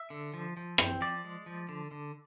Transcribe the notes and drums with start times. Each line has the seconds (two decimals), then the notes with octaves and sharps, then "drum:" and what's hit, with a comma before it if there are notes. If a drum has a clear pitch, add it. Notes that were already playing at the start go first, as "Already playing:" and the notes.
Already playing: E5
0.10 D3
0.34 F3
0.57 F3
0.78 C4, drum: rim click
1.01 F3 D5
1.24 G#3
1.46 F3
1.69 D3
1.91 D3